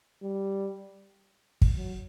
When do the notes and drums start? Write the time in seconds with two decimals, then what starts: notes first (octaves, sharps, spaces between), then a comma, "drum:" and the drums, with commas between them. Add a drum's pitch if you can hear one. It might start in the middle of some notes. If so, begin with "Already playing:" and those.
0.22 G3
1.62 drum: kick
1.76 F#3